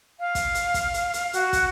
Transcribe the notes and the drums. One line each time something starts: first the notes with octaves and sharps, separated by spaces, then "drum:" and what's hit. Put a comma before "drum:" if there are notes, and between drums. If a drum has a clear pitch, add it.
F5
drum: kick, hi-hat
drum: hi-hat
drum: kick, hi-hat
drum: hi-hat
drum: hi-hat
F#4, drum: hi-hat
drum: kick, hi-hat